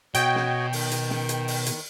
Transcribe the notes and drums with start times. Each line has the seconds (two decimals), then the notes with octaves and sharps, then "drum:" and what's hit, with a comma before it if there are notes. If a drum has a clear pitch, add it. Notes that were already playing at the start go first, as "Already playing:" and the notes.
0.15 B2 F#4 C#5 D#5 G5, drum: hi-hat
0.35 drum: snare
0.73 D#3, drum: open hi-hat
0.91 drum: hi-hat
1.10 drum: snare
1.29 drum: hi-hat
1.48 drum: open hi-hat
1.66 drum: hi-hat